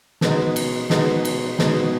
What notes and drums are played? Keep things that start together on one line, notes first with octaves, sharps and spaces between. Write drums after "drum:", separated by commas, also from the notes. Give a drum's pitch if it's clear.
B2 G#3 B3 D#4, drum: snare
drum: cymbal
B2 G#3 B3 D#4, drum: snare
drum: cymbal
B2 G#3 B3 D#4, drum: snare